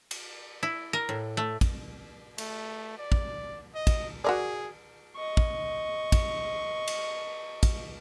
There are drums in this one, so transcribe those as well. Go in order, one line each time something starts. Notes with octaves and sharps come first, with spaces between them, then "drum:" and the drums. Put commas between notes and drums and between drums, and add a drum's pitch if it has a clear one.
drum: cymbal
E4
A#4
A2
A3
drum: kick, cymbal
A3, drum: cymbal
D5
drum: kick
D#5
drum: kick, cymbal
F#4 G#4 A#4 D5
D#5 C#6
drum: kick
drum: kick, cymbal
drum: cymbal
drum: kick, cymbal